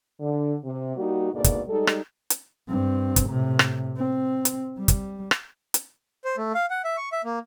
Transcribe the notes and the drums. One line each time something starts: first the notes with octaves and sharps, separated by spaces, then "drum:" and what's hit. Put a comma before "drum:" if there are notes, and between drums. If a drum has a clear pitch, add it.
D3
C3
G3 A#3 D#4 F#4
D2 G#2 B2 G#3 A#3 D5
drum: kick, hi-hat
G3 G#3 D#4 A4
drum: rim click
drum: hi-hat
G2 C4
drum: kick, hi-hat
A2 C3
drum: rim click
C4
drum: hi-hat
G3
drum: kick, hi-hat
drum: rim click
drum: hi-hat
C5
A3
F5
F#5
E5
C#6
E5
A#3